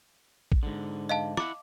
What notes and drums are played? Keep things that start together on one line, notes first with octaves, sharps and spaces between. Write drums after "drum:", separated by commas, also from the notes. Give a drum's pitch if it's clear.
drum: kick
G#2 D3
D#5 F5 A5
E4 F#5 D6, drum: rim click